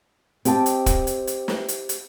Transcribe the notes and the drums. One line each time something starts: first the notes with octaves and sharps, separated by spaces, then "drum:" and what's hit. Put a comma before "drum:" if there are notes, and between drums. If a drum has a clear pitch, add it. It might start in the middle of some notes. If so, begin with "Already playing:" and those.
C4 G4 D#5 A5, drum: hi-hat
drum: hi-hat
drum: kick, hi-hat
drum: hi-hat
drum: hi-hat
drum: snare
drum: hi-hat
drum: hi-hat